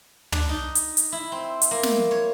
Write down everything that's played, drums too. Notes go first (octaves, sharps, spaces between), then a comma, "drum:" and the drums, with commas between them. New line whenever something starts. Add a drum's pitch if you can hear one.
D4, drum: tom
D#4
drum: hi-hat
drum: hi-hat
E4
C4
drum: hi-hat
A#3
drum: snare
C#5